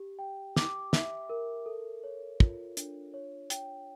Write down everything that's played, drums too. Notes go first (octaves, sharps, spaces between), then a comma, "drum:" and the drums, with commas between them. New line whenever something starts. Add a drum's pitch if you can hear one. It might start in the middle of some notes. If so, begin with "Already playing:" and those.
Already playing: G4
G5
D6, drum: snare
E5, drum: snare
A#4
A4
C#5
F4, drum: kick
D4, drum: hi-hat
C#5
G5, drum: hi-hat